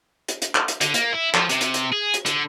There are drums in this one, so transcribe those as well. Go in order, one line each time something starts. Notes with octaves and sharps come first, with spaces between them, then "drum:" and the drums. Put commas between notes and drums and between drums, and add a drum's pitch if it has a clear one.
drum: hi-hat
drum: hi-hat
drum: clap
drum: hi-hat
D3, drum: hi-hat
A#3, drum: hi-hat
E4
F3, drum: clap
C3, drum: hi-hat
drum: hi-hat
drum: hi-hat
G#4
drum: hi-hat
D3, drum: hi-hat